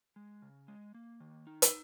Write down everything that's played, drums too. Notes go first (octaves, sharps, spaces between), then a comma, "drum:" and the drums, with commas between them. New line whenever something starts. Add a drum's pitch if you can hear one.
G#3
C#3
G#3
A#3
D#3
D#4
drum: hi-hat